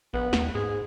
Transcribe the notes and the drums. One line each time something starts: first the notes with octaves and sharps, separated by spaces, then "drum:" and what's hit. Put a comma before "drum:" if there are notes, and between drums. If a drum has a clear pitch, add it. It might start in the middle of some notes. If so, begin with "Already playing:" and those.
A#1 B3
D#2, drum: snare
G#2 G#4